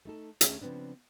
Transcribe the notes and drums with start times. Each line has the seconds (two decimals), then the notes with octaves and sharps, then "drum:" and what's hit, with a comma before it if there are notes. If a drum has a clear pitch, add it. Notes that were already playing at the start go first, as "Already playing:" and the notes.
0.05 A3 D#4 A4
0.41 D#2 A3 C#4 G#4 E5, drum: hi-hat
0.62 C#3 F3 B3 C4 D4